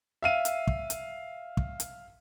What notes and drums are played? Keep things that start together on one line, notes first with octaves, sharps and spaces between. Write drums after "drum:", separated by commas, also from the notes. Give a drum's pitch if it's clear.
E5 F5 D#7
drum: hi-hat
drum: kick
drum: hi-hat
drum: kick
drum: hi-hat